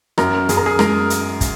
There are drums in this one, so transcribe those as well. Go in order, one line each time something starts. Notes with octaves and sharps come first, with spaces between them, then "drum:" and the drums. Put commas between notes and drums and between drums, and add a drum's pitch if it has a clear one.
F#2 A#4, drum: rim click
F#2 G#4, drum: hi-hat
A#4
G#4
G#3 A#4, drum: rim click
drum: hi-hat
drum: kick, hi-hat